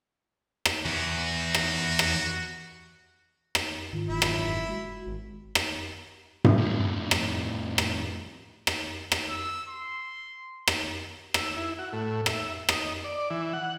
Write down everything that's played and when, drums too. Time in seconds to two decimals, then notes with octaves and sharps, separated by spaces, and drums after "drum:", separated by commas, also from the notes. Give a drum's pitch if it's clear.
0.65 drum: rim click
0.85 E2 F#4
1.55 drum: rim click
1.99 drum: rim click
3.55 drum: rim click
3.93 G#2 D#3 E3 F4
4.09 F#1 E4 E5
4.22 drum: rim click
4.69 G#3 F#4
5.07 G#1
5.55 drum: rim click
6.44 drum: tom G2
6.58 F2 A2
7.11 drum: rim click
7.78 drum: rim click
8.67 drum: rim click
9.12 drum: rim click
9.30 E6
9.69 C6
10.67 drum: rim click
11.34 E6, drum: rim click
11.57 E4
11.79 F#4
11.93 A2
12.26 E5, drum: rim click
12.69 D#5, drum: rim click
13.04 D5
13.30 E3
13.53 F#5